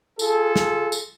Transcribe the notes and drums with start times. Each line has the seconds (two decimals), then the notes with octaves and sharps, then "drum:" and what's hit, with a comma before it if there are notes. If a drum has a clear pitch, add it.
0.19 F4 G#4 A4, drum: tambourine
0.56 drum: snare
0.92 drum: tambourine